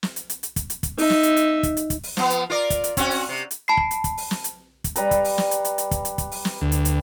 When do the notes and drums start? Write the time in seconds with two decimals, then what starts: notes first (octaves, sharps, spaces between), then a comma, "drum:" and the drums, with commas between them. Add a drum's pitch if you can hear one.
0.03 drum: snare
0.16 drum: hi-hat
0.30 drum: hi-hat
0.43 drum: hi-hat
0.56 drum: kick, hi-hat
0.70 drum: hi-hat
0.83 drum: kick, hi-hat
0.98 D#4 E5, drum: open hi-hat
1.10 drum: snare
1.23 drum: hi-hat
1.37 drum: hi-hat
1.63 drum: kick, hi-hat
1.77 drum: hi-hat
1.90 drum: kick, hi-hat
2.03 drum: open hi-hat
2.17 F3 B3, drum: snare
2.30 drum: hi-hat
2.50 F4 A#4 D5
2.70 drum: kick, hi-hat
2.84 drum: hi-hat
2.97 C4 C#4 F#4, drum: kick, hi-hat
3.10 drum: open hi-hat
3.29 C3
3.51 drum: hi-hat
3.68 A5 B5 C7
3.77 drum: kick
3.91 drum: hi-hat
4.04 drum: kick, hi-hat
4.17 drum: open hi-hat
4.31 drum: snare
4.44 drum: hi-hat
4.84 drum: kick, hi-hat
4.96 G3 B4 A#5, drum: hi-hat
5.11 drum: kick, hi-hat
5.24 drum: open hi-hat
5.38 drum: snare
5.51 drum: hi-hat
5.65 drum: hi-hat
5.78 drum: hi-hat
5.91 drum: kick, hi-hat
6.05 drum: hi-hat
6.18 drum: kick, hi-hat
6.32 drum: open hi-hat
6.45 drum: snare
6.61 D2
6.72 drum: hi-hat
6.85 drum: hi-hat